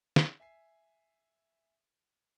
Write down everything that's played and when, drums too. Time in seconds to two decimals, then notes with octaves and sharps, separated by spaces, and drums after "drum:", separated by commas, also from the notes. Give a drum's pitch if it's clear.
0.16 drum: snare
0.40 E5 G#5 C7